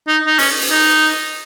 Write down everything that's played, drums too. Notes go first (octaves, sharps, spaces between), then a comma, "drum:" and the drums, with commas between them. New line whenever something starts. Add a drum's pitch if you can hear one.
D#4
D#4
C#4, drum: open hi-hat
drum: open hi-hat
D#4